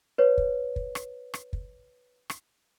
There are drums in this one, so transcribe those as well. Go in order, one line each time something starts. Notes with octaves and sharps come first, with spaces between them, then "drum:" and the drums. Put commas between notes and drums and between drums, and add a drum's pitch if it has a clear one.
B4 C#5
drum: kick
drum: kick
drum: rim click
drum: rim click
drum: kick
drum: rim click